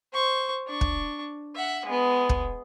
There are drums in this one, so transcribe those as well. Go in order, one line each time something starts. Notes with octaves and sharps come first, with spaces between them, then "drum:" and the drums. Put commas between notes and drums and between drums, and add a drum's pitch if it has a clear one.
C5 C#6
D4 C#6
drum: kick
E5 F#5
G#3 B3
drum: kick